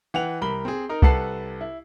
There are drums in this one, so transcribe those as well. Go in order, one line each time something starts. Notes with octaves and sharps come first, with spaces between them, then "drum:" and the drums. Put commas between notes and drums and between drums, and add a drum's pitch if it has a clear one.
E3 F#5 G5 F7
C2 A#4 B5 G7
C4 G#4
D#4 A#4
C2 A4 B4 F#5 A5 C7, drum: kick C2
E4